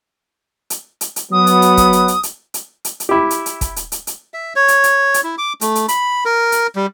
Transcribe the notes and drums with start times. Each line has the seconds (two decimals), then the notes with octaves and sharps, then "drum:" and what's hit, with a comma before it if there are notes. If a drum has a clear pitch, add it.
0.70 drum: hi-hat
1.01 drum: hi-hat
1.16 drum: hi-hat
1.31 F#3 B3 D#6
1.47 drum: hi-hat
1.62 drum: hi-hat
1.77 drum: kick, hi-hat
1.93 drum: hi-hat
2.08 drum: hi-hat
2.23 drum: hi-hat
2.54 drum: hi-hat
2.85 drum: hi-hat
3.00 drum: hi-hat
3.09 E4 G4
3.30 drum: hi-hat
3.46 drum: hi-hat
3.61 drum: kick, hi-hat
3.76 drum: hi-hat
3.92 drum: hi-hat
4.07 drum: hi-hat
4.34 E5
4.56 C#5
4.68 drum: hi-hat
4.84 drum: hi-hat
5.14 drum: hi-hat
5.24 E4
5.38 D6
5.61 A3, drum: hi-hat
5.75 drum: hi-hat
5.88 B5, drum: hi-hat
6.25 A#4
6.52 drum: hi-hat
6.76 G3